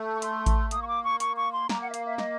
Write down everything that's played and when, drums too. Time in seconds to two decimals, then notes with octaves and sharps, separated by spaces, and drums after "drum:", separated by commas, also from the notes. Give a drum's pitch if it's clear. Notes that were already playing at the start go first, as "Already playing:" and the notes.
Already playing: A3
0.15 C#6
0.22 C6, drum: hi-hat
0.46 drum: kick A1, hi-hat
0.71 A#3 D#6, drum: hi-hat
0.82 C#6
0.88 D6
1.04 C#6
1.20 C#6, drum: hi-hat
1.37 C#6
1.53 C6
1.69 A#3 A#5, drum: snare
1.82 F#5
1.90 E5
1.94 F5, drum: hi-hat
2.06 E5
2.18 D#5, drum: snare